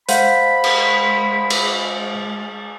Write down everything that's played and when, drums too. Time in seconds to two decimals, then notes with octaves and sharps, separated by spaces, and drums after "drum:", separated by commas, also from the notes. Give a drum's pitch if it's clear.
0.09 G#3 C5 F5 F#5 B5, drum: hi-hat
0.64 drum: cymbal
1.50 drum: cymbal